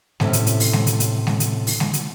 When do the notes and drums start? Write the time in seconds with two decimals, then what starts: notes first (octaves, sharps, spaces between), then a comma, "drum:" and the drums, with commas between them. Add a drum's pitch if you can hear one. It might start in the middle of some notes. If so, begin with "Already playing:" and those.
0.20 A2 C3 C#4, drum: snare
0.33 drum: hi-hat
0.47 drum: hi-hat
0.60 drum: open hi-hat
0.73 drum: snare
0.87 drum: hi-hat
1.00 drum: hi-hat
1.27 drum: snare
1.40 drum: hi-hat
1.67 drum: open hi-hat
1.80 drum: snare
1.93 drum: hi-hat